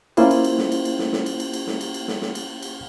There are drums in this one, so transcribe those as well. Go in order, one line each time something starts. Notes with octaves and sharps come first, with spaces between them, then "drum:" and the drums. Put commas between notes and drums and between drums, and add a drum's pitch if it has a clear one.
A#3 C#4 E4 F4 C5, drum: cymbal
drum: cymbal
drum: cymbal
drum: snare
drum: cymbal
drum: cymbal
drum: snare
drum: snare
drum: cymbal
drum: cymbal
drum: cymbal
drum: snare
drum: cymbal
drum: cymbal
drum: snare
drum: snare
drum: cymbal
drum: cymbal